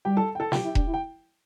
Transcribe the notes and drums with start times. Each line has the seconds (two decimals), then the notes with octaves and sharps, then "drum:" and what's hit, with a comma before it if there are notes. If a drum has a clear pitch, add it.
0.05 G3 G4 G5
0.17 A4 A5
0.35 G5
0.40 A4 A5
0.52 F4 G4 G5, drum: snare
0.64 E4
0.75 D4, drum: kick E1
0.87 E4
0.94 G5